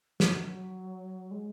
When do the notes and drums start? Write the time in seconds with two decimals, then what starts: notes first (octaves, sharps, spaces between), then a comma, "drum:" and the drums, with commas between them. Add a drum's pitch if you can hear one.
0.20 F#3, drum: snare
1.31 G#3